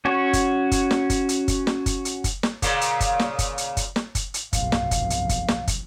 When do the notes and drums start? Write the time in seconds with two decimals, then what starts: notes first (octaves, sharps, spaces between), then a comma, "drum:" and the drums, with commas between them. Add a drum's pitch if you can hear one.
0.05 C#4 F#4 C#5
0.33 drum: kick, hi-hat
0.71 drum: kick, hi-hat
0.91 drum: snare
1.10 drum: kick, hi-hat
1.29 drum: hi-hat
1.48 drum: kick, hi-hat
1.67 drum: snare
1.86 drum: kick, hi-hat
2.05 drum: hi-hat
2.24 drum: kick, hi-hat
2.43 drum: snare
2.62 A#2 C#3, drum: kick, hi-hat
2.81 drum: hi-hat
3.00 drum: kick, hi-hat
3.19 drum: snare
3.39 drum: kick, hi-hat
3.58 drum: hi-hat
3.77 drum: kick, hi-hat
3.96 drum: snare
4.15 drum: kick, hi-hat
4.34 drum: hi-hat
4.53 F1 B1 G2 F5, drum: kick, hi-hat
4.72 drum: snare
4.91 drum: kick, hi-hat
5.10 drum: hi-hat
5.29 drum: kick, hi-hat
5.48 drum: snare
5.67 drum: kick, hi-hat